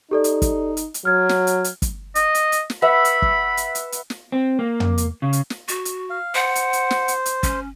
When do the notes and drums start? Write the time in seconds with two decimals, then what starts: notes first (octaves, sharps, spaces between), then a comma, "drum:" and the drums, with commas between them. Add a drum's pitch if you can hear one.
0.11 D#4 G4 A4 D5
0.24 drum: hi-hat
0.42 drum: kick, hi-hat
0.77 drum: hi-hat
0.94 drum: hi-hat
1.05 F#3 F6 G#6
1.29 drum: snare
1.47 drum: hi-hat
1.64 drum: hi-hat
1.82 drum: kick, hi-hat
2.15 D#5, drum: hi-hat
2.35 drum: hi-hat
2.52 drum: hi-hat
2.70 drum: snare
2.82 B4 E5 F#5 B5
3.05 drum: hi-hat
3.22 drum: kick
3.57 drum: hi-hat
3.75 drum: hi-hat
3.92 drum: hi-hat
4.10 drum: snare
4.32 C4
4.59 A#3
4.80 drum: tom
4.98 drum: hi-hat
5.22 C#3
5.33 drum: hi-hat
5.50 drum: snare
5.68 F#4, drum: hi-hat
5.85 drum: hi-hat
6.10 F5
6.35 C5 F#5
6.55 drum: hi-hat
6.73 drum: hi-hat
6.91 drum: snare
7.08 drum: hi-hat
7.26 drum: hi-hat
7.43 C#4, drum: kick, hi-hat